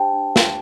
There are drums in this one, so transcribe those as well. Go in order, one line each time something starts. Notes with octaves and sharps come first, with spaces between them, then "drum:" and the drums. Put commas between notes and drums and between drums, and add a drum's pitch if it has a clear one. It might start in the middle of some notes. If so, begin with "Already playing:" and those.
Already playing: D4 G4 C5 G5 A5
D4
drum: snare